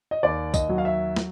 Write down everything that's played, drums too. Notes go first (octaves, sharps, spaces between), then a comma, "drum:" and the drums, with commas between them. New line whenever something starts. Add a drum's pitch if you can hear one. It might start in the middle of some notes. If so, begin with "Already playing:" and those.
D#5
D#2 D5
D#5, drum: kick, tambourine
F#3
F5
E5
drum: snare